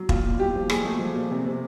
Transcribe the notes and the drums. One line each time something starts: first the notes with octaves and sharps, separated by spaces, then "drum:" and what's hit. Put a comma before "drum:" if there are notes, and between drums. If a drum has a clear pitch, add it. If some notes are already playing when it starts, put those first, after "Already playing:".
Already playing: F#3
A#2 F4, drum: kick
A#2
A#2 G4
F3
A#2 G#4, drum: rim click
A3
F3
A#2
C3
C3